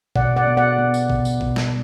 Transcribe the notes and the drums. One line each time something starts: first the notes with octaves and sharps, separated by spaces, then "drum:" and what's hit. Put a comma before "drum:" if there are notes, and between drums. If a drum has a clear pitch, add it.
B2 D5 F#5, drum: kick G#1
D5 F#5
B3
D5 F#5
B3
drum: tambourine
B2, drum: kick G#1
drum: tambourine
B2, drum: kick G#1
drum: snare